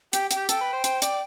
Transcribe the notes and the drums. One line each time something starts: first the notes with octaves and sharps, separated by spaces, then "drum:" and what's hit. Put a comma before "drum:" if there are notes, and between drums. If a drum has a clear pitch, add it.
G4 G5, drum: hi-hat
G5, drum: hi-hat
G4
A4 G5, drum: hi-hat
B4
C5
C5, drum: hi-hat
D5, drum: hi-hat